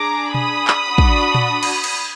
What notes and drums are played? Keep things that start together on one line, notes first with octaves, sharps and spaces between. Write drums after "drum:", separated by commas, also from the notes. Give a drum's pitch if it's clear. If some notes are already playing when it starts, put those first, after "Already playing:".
Already playing: D4 G#4 A#5 D6
B5 D#6, drum: tom B2
drum: clap
D4 F#4
drum: kick
drum: tom A#2
drum: cymbal
drum: cymbal